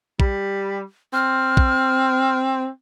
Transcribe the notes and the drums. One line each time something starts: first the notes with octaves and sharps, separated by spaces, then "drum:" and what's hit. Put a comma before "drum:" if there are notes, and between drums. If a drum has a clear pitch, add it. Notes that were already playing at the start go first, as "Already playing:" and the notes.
G3, drum: kick
C4 F6
drum: kick